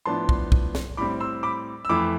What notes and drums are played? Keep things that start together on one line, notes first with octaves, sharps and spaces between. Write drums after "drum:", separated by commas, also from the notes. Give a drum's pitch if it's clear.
A2 F3 B3 D4 A5 C6
drum: kick
drum: kick
drum: snare
A2 G3 C4 B5 D6
C6 E6
B5 D6
E6
F2 E3 A3 B5 D6